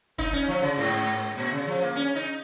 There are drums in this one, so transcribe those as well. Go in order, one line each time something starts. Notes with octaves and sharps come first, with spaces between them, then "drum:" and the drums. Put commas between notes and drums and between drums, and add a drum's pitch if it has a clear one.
D#4, drum: kick, hi-hat
C#4
F3
C#3
G#2, drum: hi-hat
drum: hi-hat
drum: hi-hat
A#2, drum: hi-hat
C#3
F3
A#3
C#4
D#4, drum: hi-hat